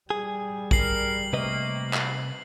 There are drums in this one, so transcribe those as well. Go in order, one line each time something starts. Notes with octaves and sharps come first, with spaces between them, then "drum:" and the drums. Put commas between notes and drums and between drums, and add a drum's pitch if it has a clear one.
G3 G#4
A#4 C7 F#7, drum: kick
C3 A3 A#3 B4 D#5
drum: clap